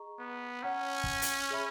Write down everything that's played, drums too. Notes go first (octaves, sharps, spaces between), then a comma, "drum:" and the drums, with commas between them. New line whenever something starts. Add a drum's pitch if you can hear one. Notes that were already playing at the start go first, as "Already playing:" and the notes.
Already playing: G#4 D#5 A#5 C#6
B3
C#4 C#5 F#5 A#5
drum: kick
drum: hi-hat
G#4 C#5 E5 B5